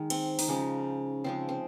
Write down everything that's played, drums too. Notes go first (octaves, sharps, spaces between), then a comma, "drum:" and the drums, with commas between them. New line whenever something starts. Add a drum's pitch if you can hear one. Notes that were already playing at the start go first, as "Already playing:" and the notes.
Already playing: D#3 G#3
C4, drum: cymbal
D#4, drum: open hi-hat
C#3 F3 G#3 C#4
C#3 F3 G#3 C4
C4